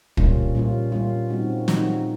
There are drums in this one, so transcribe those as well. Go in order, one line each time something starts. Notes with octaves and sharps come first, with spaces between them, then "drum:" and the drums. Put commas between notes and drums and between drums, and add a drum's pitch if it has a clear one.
A#2 G3 A#3 C#4 F4, drum: kick
A#2 G3 A#3 C#4 F4
A#2 G3 A#3 C#4 F4
G3 C4 D#4 F#4
G3 C4 D#4 F#4, drum: snare